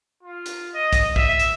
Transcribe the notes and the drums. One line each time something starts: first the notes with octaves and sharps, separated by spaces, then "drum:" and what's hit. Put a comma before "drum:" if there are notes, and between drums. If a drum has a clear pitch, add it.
F4
drum: hi-hat
D#5
drum: kick, hi-hat
E5, drum: kick
drum: hi-hat